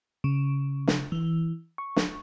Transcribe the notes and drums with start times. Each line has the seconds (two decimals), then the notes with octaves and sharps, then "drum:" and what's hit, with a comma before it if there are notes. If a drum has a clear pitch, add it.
0.24 C#3
0.88 drum: snare
1.12 E3
1.78 C#6
1.96 drum: snare